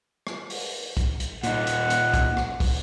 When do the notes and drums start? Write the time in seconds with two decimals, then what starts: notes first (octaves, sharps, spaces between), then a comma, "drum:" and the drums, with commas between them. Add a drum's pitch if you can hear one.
0.27 drum: rim click
0.50 drum: open hi-hat
0.97 drum: kick, hi-hat
1.20 drum: hi-hat
1.43 A#2 D#4 F#5, drum: hi-hat
1.67 drum: hi-hat
1.90 drum: hi-hat
2.14 drum: kick, hi-hat
2.37 drum: rim click
2.60 drum: kick, open hi-hat